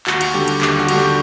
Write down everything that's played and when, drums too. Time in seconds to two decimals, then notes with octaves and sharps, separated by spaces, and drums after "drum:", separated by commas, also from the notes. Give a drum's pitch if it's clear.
0.07 D#2 F#4, drum: clap
0.21 drum: cymbal
0.34 D3 G3 G4
0.48 drum: cymbal
0.61 D#2, drum: clap
0.79 F#4
0.88 D3 G3, drum: cymbal
0.97 G4